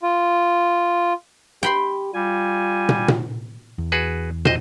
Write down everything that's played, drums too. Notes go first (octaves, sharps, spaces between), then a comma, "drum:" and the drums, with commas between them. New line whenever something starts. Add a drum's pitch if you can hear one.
F4
G4 G5 B5 C6
G3 F4 G#5
drum: tom
drum: tom
E2
F#4 G#4 B4
C5 D#5, drum: tom